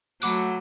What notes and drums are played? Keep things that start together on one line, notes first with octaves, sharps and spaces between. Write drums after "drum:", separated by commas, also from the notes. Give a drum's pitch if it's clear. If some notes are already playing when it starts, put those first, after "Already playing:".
F#3 A3 F#5 B5 D6 F#6, drum: tambourine